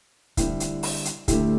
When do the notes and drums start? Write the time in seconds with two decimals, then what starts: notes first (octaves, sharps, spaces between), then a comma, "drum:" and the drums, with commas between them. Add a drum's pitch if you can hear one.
0.37 D3 G3 C4 E4, drum: kick C#1, hi-hat
0.60 drum: hi-hat
0.83 drum: open hi-hat
1.05 drum: hi-hat
1.28 D2 D3 A3 E4 G4, drum: kick C#1, hi-hat